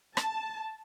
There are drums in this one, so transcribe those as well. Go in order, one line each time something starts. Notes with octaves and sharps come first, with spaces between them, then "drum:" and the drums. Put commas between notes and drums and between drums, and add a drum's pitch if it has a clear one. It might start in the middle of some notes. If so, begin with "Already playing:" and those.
A5, drum: rim click